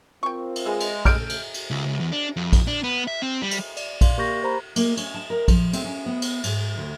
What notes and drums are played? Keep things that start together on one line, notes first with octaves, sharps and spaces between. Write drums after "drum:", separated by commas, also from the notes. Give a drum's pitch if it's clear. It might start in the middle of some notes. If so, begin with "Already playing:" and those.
C4 F4 A#4 G5 C#6
drum: cymbal
G#3 G#4 B4 E5
drum: cymbal
C#3 A3 F6 G6 D7, drum: kick A#1, cymbal
drum: cymbal
drum: cymbal
C#2
C#2
E2
D4
F2
drum: kick A#1, cymbal
D4
B3
E5
C4
G3
drum: cymbal
D5, drum: cymbal
D5 F5 C6, drum: kick A#1, cymbal
A#3 G4 A#4 C#6 G6 A#6
G4 C5 A#5 B5
A#3, drum: cymbal
C#4, drum: cymbal
A5
A#4
F3, drum: kick A#1, cymbal
C4, drum: cymbal
C#4
B3
drum: cymbal
G#2, drum: cymbal
D2